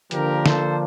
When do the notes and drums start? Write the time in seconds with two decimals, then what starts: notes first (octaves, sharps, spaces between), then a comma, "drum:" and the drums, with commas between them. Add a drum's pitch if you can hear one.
0.11 D3 F3 A#3 D4 G4 A#4, drum: hi-hat
0.46 A4 C5, drum: snare